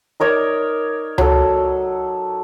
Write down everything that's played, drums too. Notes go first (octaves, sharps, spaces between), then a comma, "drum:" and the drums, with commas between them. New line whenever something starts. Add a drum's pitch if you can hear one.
D#4 A#4 C#5 D5
F#3 A4, drum: tom C#2